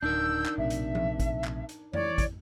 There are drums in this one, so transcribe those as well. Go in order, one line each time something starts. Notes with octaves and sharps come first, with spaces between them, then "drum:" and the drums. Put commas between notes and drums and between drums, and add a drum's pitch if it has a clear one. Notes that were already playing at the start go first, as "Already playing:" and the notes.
D1 D4 D#4 A#4 E6 G6
drum: clap
A#1 A2 C3 E5
drum: hi-hat
drum: tom F3
drum: kick, hi-hat
drum: clap
drum: hi-hat
E3 C#5 D5, drum: tom F2
drum: kick, hi-hat